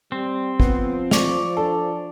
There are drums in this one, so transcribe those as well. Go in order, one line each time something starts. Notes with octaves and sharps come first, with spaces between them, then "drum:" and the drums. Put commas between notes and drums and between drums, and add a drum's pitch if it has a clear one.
G3 C4
F3 B3, drum: kick G#1
D5 C#6 D6 F7, drum: snare
D4 A4